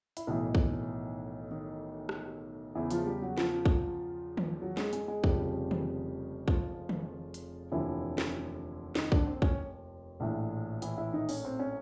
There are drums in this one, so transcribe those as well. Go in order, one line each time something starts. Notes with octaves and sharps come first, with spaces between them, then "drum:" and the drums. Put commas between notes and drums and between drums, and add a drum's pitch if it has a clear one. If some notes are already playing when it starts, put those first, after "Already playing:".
E4, drum: hi-hat
B1 A2 D#3 E3 D#4
drum: kick
D#3 D#4
drum: rim click
E2 C#3 E3 E4
F3 F4, drum: hi-hat
G3 G4
F#3 F#4
F3 F4, drum: snare
drum: kick
drum: tom D#3
F#3 F#4
G#3 G#4, drum: snare
G#3 G#4, drum: hi-hat
G#3 G#4
F1 F2 C#3 F3 G3 G4, drum: kick
drum: tom D#3
F3 F4, drum: kick
drum: tom D#3
drum: hi-hat
F1 D#2 D3 E3 F3 E4
drum: snare
D#3 D#4, drum: snare
D3 D4, drum: kick
C4
C#4, drum: kick
A#1 A2 E3
E3 E4, drum: hi-hat
E3 E4
D#3 D#4
C#4, drum: open hi-hat
C4
C#4